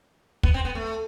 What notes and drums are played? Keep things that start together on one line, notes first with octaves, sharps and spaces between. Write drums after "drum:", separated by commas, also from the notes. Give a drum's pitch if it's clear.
B3, drum: kick
C4
B3
A3